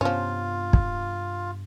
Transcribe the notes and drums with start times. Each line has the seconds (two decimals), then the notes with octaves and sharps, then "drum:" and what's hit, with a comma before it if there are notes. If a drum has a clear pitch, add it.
0.01 G2 C3 F3 B3 C#4 F4
0.73 drum: kick